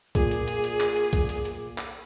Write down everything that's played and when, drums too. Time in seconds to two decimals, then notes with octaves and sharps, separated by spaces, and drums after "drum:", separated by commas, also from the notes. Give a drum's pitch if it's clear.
0.15 A#2 G#4, drum: kick B1, hi-hat
0.31 drum: hi-hat
0.48 drum: hi-hat
0.64 drum: hi-hat
0.80 drum: clap
0.96 drum: hi-hat
1.13 drum: kick B1, hi-hat
1.29 drum: hi-hat
1.45 drum: hi-hat
1.78 drum: clap